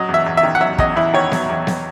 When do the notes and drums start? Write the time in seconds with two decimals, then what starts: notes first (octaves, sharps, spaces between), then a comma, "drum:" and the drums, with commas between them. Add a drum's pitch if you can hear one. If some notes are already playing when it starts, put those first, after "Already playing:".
Already playing: F#3 D#5
0.09 E2
0.14 E5
0.26 E2
0.37 E5
0.43 D#3
0.55 F#5
0.61 F#3 E5
0.78 E2 D#5, drum: kick
0.96 E2 E4
1.14 D#3 C#5
1.32 F#3, drum: snare B3
1.49 E2
1.67 drum: snare B3